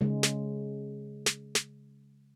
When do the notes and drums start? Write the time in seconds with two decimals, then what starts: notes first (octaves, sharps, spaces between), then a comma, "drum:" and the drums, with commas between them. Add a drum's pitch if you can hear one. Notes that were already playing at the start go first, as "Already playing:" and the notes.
0.01 C#3 G#3
0.23 drum: snare
1.26 drum: snare
1.55 drum: snare